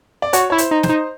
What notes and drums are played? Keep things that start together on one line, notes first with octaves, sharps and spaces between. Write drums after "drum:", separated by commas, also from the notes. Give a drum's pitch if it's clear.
D5
F#4 C#5, drum: hi-hat
E4 C#5
C5, drum: hi-hat
D#4
C5, drum: snare
D#4